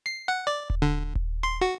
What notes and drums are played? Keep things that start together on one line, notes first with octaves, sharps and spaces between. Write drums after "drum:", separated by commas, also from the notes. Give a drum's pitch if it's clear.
C7
F#5
D5
drum: kick D#1
D3
drum: kick D#1
C6
F#4